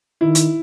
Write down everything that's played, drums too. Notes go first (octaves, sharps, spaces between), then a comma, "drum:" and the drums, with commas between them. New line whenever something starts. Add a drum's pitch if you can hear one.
D#3 E4
drum: hi-hat